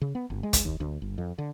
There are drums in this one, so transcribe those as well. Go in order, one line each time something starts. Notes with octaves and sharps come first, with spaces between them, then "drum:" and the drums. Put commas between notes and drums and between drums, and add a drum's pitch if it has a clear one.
C#3
B3
G1
G#3
drum: kick, hi-hat
D#2
D2
G1
F2
D3